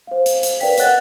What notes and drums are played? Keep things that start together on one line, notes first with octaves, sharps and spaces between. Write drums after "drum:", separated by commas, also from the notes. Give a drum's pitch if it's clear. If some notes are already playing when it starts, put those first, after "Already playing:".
C5 F5
drum: hi-hat
drum: hi-hat
A#4 B4 D5 F5 G5 B6, drum: open hi-hat
C#5 D#5 F#5 F#6 A6, drum: hi-hat